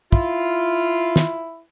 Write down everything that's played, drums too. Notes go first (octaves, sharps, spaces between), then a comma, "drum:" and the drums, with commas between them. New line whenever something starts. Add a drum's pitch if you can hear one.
E4 F4, drum: kick
drum: snare